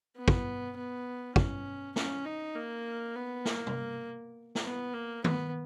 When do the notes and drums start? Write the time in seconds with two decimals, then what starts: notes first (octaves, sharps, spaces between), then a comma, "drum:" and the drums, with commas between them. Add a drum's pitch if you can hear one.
0.17 B3
0.28 drum: kick
0.77 B3
1.36 C#4, drum: kick
1.96 C#4, drum: snare
2.25 D#4
2.55 A#3
3.16 B3
3.45 A#3, drum: snare
3.67 drum: tom C3
4.55 drum: snare
4.65 B3
4.93 A#3
5.24 B3, drum: tom D#3